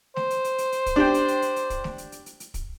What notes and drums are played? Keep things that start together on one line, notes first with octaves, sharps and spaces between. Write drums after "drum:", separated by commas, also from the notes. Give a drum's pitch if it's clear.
C5, drum: snare A3
drum: hi-hat
drum: hi-hat
drum: hi-hat
drum: hi-hat
drum: kick, hi-hat
D4 G4 G5
drum: hi-hat
drum: hi-hat
drum: hi-hat
drum: hi-hat
drum: kick, hi-hat
drum: snare A3
drum: hi-hat
drum: hi-hat
drum: hi-hat
drum: hi-hat
drum: kick, hi-hat